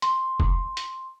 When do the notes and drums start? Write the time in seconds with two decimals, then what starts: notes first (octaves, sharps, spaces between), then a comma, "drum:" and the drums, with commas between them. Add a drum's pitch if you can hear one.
0.02 C6, drum: hi-hat
0.40 drum: kick
0.77 drum: hi-hat